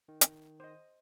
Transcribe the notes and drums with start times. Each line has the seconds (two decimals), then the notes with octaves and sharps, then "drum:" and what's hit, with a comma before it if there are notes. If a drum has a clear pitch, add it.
0.08 D#3
0.21 drum: hi-hat
0.60 C5 D#5